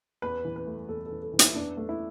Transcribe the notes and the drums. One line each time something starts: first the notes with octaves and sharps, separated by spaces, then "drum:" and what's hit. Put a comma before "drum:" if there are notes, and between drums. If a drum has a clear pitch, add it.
E2 B4
E3
B4
A3
E2 A4
A4
E3
A4
E3
E4, drum: hi-hat
E2 D4
A3
E4